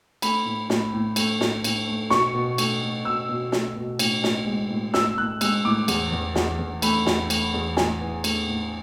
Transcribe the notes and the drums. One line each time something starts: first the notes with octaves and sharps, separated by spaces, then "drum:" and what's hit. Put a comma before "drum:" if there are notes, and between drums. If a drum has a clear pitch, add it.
A3 B5, drum: cymbal
A2
A2, drum: snare
A2
A3, drum: cymbal
A2, drum: snare
A2, drum: cymbal
A3
B2 C#6, drum: snare
B2
A3, drum: cymbal
A3
B2 E6
B2
A3, drum: snare
B2
A2, drum: cymbal
A2, drum: snare
G#3
A2
A2 E6, drum: snare
A2 F#6
G#3 E6, drum: cymbal
A2 D6
E2, drum: cymbal
E2
E2, drum: snare
E2
A3 B5, drum: cymbal
E2, drum: snare
A3, drum: cymbal
E2
A2 G#5, drum: snare
E3
A3, drum: cymbal
A2